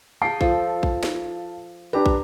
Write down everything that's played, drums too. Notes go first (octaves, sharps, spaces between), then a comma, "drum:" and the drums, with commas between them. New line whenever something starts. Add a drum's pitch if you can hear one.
G#4 F5 G5 A5 C7
F3 A4, drum: kick
drum: kick
drum: snare
D4 G4 B4 A#5
drum: kick